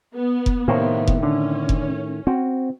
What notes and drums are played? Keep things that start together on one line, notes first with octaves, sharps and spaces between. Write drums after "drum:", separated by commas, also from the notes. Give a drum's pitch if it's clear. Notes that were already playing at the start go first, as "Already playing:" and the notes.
B3
drum: kick F1
A2 C3 D#3 A#3 B3 C5 C#5
drum: kick F1
D3 C#4
drum: kick F1
C4 F#4